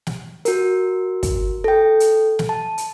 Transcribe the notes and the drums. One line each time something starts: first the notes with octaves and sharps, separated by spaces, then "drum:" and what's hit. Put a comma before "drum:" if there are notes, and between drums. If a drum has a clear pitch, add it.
drum: snare
F#4 A#4, drum: hi-hat
drum: kick, hi-hat
A4 G5
drum: hi-hat
drum: snare
A5
drum: hi-hat